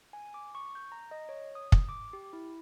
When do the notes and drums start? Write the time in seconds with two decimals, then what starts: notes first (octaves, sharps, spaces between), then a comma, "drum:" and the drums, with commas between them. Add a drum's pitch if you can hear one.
0.13 G#5
0.34 D6
0.55 C#6
0.75 G6
0.92 A#5
1.11 D#5
1.29 C#5
1.55 D#6
1.72 drum: kick
1.89 D6
2.13 G4
2.33 E4